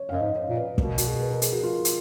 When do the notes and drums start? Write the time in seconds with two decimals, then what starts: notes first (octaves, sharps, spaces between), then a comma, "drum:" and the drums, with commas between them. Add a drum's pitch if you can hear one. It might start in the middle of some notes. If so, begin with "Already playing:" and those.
Already playing: C#5
0.09 F5
0.11 F#2 D#5
0.21 G#2
0.35 C#5
0.49 A#2
0.57 B4
0.78 B2 A#4, drum: kick
0.98 F#4, drum: hi-hat
1.07 G#4
1.20 B4
1.31 A#4
1.42 G#4, drum: hi-hat
1.52 F#4
1.63 F4
1.85 drum: hi-hat